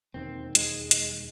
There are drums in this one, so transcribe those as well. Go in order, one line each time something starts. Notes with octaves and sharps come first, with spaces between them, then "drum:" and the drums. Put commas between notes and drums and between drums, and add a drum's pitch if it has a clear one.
E1 D#2 D#3 C4
G#3, drum: hi-hat
drum: hi-hat